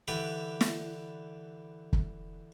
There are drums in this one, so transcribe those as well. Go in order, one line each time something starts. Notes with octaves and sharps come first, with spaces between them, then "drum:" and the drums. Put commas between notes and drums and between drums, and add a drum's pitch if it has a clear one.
D3 E3 G4 B4 D5 B5
drum: snare
drum: kick